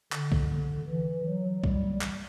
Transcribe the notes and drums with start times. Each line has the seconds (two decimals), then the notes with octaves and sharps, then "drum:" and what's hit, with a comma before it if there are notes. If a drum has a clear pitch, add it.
0.12 D3, drum: clap
0.32 drum: kick
0.88 E3
1.26 F#3
1.64 G3, drum: kick
2.01 drum: clap